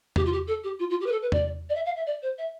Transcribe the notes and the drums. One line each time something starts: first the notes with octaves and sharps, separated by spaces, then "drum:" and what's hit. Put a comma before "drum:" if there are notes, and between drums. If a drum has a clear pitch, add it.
G4, drum: tom E2
F4
G4
A4
G4
F4
F4
G4
B4
A4
B4
D5, drum: tom E2
D5
E5
F5
E5
D5
C5
E5